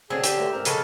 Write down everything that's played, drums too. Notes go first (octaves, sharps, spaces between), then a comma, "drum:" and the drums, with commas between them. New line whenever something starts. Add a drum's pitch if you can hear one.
D3 F#3 C4 D4 G#4 E6
G4 D6 E7, drum: hi-hat
F#3 A3 B4
G#2 C4 A#4
C#3 F3 G#3 A4 A6, drum: hi-hat